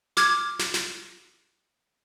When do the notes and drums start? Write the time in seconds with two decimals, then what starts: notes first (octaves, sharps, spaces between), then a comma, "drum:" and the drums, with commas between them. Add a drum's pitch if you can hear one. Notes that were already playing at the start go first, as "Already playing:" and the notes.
0.17 D6 F6 G#6, drum: snare
0.59 drum: snare
0.74 drum: snare